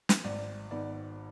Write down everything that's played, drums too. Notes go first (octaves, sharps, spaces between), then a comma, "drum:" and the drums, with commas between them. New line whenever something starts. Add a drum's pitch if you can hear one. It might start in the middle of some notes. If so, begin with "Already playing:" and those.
drum: snare
G#1 D5
G#2 D#3 B3 D5